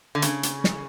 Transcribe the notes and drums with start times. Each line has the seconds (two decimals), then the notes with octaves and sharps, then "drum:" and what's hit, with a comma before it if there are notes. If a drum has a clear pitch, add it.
0.15 D3
0.22 C#3, drum: hi-hat
0.43 drum: hi-hat
0.64 drum: snare